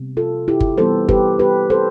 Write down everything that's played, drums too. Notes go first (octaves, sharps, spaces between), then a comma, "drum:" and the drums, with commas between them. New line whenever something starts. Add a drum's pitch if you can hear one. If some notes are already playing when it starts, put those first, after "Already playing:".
Already playing: C3 G3 B3
F4 A4
E4 G4
drum: kick G1
E3 G3 B3 A4 C5
G4 B4, drum: kick G1
G4 B4
A4 C5